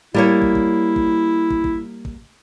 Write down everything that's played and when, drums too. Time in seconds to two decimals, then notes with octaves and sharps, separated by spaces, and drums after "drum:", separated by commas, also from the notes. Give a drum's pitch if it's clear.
0.14 G3 A#3 E4 C#5
0.42 drum: kick
0.55 drum: kick
0.96 drum: kick
1.51 drum: kick
1.64 drum: kick
2.05 drum: kick